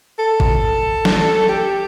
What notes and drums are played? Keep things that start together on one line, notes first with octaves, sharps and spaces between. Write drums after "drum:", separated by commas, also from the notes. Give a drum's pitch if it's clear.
A4
drum: kick G#1
drum: snare
G4